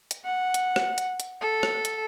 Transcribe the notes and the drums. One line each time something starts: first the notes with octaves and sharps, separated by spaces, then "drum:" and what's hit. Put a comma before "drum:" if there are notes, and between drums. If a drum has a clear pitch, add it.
drum: hi-hat
F#5
drum: hi-hat
drum: rim click
drum: hi-hat
drum: hi-hat
A4
drum: rim click
drum: hi-hat